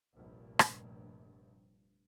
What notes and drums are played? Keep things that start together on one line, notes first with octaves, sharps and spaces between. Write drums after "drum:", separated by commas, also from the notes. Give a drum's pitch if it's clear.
F1 A#1 G2
drum: rim click